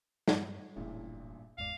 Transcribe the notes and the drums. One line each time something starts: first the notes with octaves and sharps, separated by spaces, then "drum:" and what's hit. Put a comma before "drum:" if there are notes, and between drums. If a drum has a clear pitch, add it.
G2 G3, drum: snare
E1 A1 G2 A#2 C#4 E4 G#4
G1 E2 G#2 D5 F5